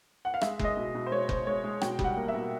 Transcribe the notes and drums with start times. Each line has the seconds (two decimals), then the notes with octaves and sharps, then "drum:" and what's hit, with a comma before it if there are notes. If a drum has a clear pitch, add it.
0.25 F#5
0.34 F5
0.41 G#3 E5, drum: rim click
0.59 G#3 D#5, drum: kick F#1
0.77 B2
0.95 B2
1.06 C5
1.11 G#3 C#5
1.29 B2 C5, drum: kick F#1
1.47 G#3 C#5
1.64 G#3
1.81 B2 G5, drum: rim click
1.99 G3, drum: kick F#1
2.04 F#5
2.17 A#3
2.28 E5
2.34 B2